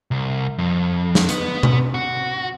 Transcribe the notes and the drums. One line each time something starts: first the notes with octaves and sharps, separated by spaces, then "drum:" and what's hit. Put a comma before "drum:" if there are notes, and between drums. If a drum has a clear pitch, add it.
C2
F2
drum: snare
B3, drum: hi-hat
drum: tom B2
F#4